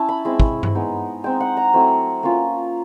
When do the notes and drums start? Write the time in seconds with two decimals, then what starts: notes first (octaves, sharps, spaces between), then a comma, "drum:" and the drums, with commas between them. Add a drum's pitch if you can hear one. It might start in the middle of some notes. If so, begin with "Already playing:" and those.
Already playing: C#4 E4 A5
0.09 B5
0.25 G#3 C4 E4
0.40 drum: kick
0.63 drum: tom G2
0.75 G#3 B3 D#4
1.24 G#3 C4 D#4 G5
1.40 F#5
1.57 A#5
1.73 F#3 A3 C4 E4
2.23 A#3 C#4 F4